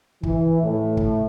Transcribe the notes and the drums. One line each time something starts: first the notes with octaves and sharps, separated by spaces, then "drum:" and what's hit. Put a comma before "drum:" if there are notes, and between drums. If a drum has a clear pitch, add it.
E3, drum: kick
A2
drum: kick